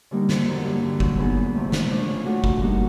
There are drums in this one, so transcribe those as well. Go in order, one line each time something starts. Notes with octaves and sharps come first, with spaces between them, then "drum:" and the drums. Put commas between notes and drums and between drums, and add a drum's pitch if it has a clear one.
D3 G3 A#3 D#4
F2, drum: snare
D3 F#3 A#3
G2
D3 G3
F#3, drum: kick F#1
B3 D#4 G#4 B4
E2
C3 F3 A3
G#2, drum: snare
F3 A3 D4 F4
C#3
F3 A3 D4 F#4
A#2, drum: kick F#1
G3 A#3 D#4 F#4